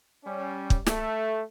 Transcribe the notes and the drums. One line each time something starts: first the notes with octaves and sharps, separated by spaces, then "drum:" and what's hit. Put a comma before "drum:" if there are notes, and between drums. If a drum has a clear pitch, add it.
G3 C#4
drum: kick
A3, drum: snare